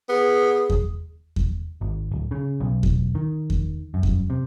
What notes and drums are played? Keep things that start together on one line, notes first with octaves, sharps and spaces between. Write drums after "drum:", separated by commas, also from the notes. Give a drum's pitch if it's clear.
B3 G#4
drum: kick E2
drum: kick E2
G#1
D1
C#3
B1
drum: kick E2
D#3
drum: kick E2
F#2
drum: kick E2
C3